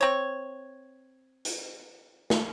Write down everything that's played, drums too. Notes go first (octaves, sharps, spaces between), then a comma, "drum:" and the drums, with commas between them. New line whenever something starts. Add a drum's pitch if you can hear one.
C4 C#5
drum: hi-hat
drum: snare